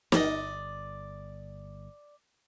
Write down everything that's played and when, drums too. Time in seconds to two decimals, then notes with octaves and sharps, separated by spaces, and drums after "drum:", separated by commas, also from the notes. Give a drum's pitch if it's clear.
0.12 G1 D5 D#5, drum: snare